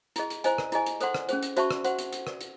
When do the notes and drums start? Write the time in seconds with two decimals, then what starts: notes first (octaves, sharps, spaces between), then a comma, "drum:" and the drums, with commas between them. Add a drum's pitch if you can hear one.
0.16 E4 G#4 D#5, drum: hi-hat
0.30 drum: hi-hat
0.44 E4 C5 D#5 G#5, drum: hi-hat
0.58 drum: rim click
0.72 E4 G#4 D#5 G#5, drum: hi-hat
0.86 drum: hi-hat
1.01 A4 C5 F#5 C6, drum: hi-hat
1.14 drum: rim click
1.29 C#4 G#4 C5, drum: hi-hat
1.43 drum: hi-hat
1.57 F#4 C5 E5 A5 C#6, drum: hi-hat
1.71 drum: rim click
1.84 C5 F#5 C6, drum: hi-hat
1.99 drum: hi-hat
2.13 drum: hi-hat
2.27 drum: rim click
2.41 drum: hi-hat